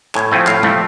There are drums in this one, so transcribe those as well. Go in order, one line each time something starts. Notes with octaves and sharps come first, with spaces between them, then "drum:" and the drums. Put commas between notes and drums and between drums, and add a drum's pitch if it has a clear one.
A2 G#5, drum: clap
F3 A3 C4 G#5
A2 F5, drum: clap
F3 A3 C4, drum: tom G#3